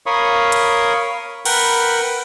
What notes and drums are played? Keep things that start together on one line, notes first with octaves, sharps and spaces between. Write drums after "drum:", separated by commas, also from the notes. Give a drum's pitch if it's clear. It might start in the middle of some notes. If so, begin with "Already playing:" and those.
A#4 C#5 F5 B5 C#6 D#6
drum: hi-hat
A#4 B4 F#5 G5 B5, drum: cymbal